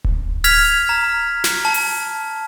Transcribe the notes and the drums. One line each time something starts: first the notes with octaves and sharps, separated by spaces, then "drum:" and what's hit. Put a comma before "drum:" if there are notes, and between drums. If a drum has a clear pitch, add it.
drum: kick D1
F6 G#6 B6 F7, drum: open hi-hat
A#5
drum: snare
A5
drum: open hi-hat